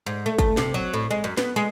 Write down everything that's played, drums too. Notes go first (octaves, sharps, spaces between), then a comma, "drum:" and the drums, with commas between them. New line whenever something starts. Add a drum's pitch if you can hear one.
G#2
A3
A3, drum: kick, hi-hat
C3, drum: snare
F#3
A2
G#3
F#2
B3, drum: snare
G#3